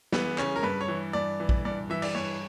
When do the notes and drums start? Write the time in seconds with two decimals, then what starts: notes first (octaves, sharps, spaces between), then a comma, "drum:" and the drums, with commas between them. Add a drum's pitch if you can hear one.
0.12 E3 B3, drum: snare
0.38 C#3 C#4, drum: clap
0.56 A#4
0.63 G2 B4
0.81 C#5
0.88 E3
1.13 G2 D5
1.40 E3
1.49 drum: kick A#1
1.65 G2 D5
1.90 E3 E5
2.02 D5, drum: cymbal
2.15 G2 C#5